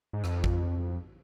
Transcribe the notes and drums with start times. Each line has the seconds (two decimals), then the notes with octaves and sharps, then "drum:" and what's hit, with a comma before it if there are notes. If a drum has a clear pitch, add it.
0.13 G#2
0.24 F2, drum: rim click
0.44 drum: kick